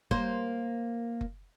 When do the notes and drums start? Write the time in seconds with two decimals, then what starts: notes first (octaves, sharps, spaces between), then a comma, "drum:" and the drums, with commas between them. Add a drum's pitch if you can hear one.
0.11 A#3 C5, drum: kick F#1
1.21 drum: kick F#1